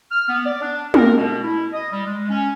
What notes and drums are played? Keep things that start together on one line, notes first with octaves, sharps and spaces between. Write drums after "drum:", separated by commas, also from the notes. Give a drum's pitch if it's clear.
F6
B3
D5
D4
A#4, drum: tom
B2
E4
D#5
G3
G#3
C#4